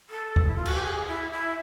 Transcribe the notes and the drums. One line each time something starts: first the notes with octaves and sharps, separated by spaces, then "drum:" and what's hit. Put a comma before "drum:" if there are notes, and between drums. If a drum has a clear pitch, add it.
A4
drum: kick
E4
F4
F#4, drum: cymbal
G4
G#4
E4
E4